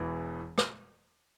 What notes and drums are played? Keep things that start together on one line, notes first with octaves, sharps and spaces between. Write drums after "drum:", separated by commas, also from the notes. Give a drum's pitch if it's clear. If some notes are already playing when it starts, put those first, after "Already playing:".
Already playing: E1 E2 E3
drum: rim click